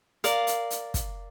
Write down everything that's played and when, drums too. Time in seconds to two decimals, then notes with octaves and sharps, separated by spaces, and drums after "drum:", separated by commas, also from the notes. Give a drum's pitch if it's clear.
0.24 A#4 D5 F5, drum: hi-hat
0.47 drum: hi-hat
0.70 drum: hi-hat
0.94 drum: kick, hi-hat